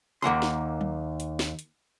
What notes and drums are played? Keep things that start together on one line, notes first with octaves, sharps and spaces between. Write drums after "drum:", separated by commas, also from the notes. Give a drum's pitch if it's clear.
D#2 A#3 F#5 C6
drum: snare
drum: tom F#3
drum: hi-hat
drum: snare
drum: hi-hat